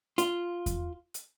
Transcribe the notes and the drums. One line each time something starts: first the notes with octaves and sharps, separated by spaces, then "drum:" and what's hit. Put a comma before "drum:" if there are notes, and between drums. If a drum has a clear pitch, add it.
F4, drum: hi-hat
drum: kick E2, hi-hat
drum: hi-hat